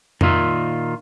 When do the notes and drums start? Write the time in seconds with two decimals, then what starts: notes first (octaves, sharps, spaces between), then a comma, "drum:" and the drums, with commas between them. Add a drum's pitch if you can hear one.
0.21 A#2 D#3 F4 E5, drum: tom F2